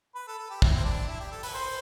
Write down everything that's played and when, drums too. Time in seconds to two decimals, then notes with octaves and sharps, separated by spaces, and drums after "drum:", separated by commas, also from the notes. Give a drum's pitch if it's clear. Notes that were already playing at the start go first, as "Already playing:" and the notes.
0.15 B4
0.28 A4
0.38 A4
0.50 G4
0.62 E4, drum: kick
0.76 C4
0.85 D4
1.08 E4
1.20 G4
1.31 A4
1.43 B4, drum: open hi-hat
1.54 C5